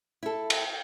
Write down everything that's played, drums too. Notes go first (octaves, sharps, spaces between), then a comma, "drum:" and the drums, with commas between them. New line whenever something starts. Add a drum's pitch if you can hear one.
E4 A4
drum: cymbal